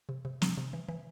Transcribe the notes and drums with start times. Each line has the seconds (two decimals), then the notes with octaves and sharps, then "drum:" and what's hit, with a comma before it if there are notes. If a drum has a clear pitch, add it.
0.09 C3
0.25 C3
0.42 C3, drum: snare
0.57 C3
0.73 E3
0.89 E3